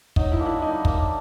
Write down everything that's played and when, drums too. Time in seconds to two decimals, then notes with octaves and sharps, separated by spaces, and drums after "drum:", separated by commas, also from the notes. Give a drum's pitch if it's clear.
0.16 F#3 D#4, drum: kick
0.32 E4
0.39 A#3 D4 F#4
0.46 E4
0.62 G3 D#4
0.85 A#3 D4, drum: kick